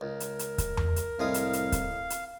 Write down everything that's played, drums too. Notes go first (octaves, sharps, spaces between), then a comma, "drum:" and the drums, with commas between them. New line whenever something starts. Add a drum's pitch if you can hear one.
C#2 A#4
drum: hi-hat
drum: hi-hat
drum: kick, hi-hat
drum: tom E2
drum: hi-hat
C2 A2 G#3 F5 D#6
drum: hi-hat
drum: hi-hat
drum: kick, hi-hat
drum: hi-hat